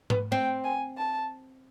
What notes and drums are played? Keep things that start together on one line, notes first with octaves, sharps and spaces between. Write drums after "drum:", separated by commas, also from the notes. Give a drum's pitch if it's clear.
B3, drum: tom G#2
C4 G5
G#5
A5